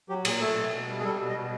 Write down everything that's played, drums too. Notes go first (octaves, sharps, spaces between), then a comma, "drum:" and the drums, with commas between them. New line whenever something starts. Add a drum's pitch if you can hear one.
F#3 G4
A#2 G#4, drum: cymbal
A3 A4
B2
B2
G3
G#4
G3 A4
B2
D#5
B2